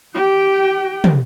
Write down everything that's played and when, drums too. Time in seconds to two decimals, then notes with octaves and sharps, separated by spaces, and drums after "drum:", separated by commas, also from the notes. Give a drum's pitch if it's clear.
0.14 G4 G5
1.04 drum: tom